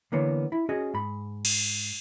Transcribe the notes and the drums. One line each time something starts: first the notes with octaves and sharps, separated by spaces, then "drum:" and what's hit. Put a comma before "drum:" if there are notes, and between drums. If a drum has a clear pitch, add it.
D3 E3 A#3 B3 C#5
E4
C#4 F#4 G#4 D#5
G#2 B5
drum: cymbal